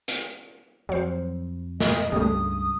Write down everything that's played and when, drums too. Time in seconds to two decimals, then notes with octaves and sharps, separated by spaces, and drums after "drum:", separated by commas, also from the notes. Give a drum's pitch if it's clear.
0.08 drum: hi-hat
0.89 F2 F#3 C5
1.80 D#5, drum: snare
2.12 C#2 G2 C#3 G3 A3 D#6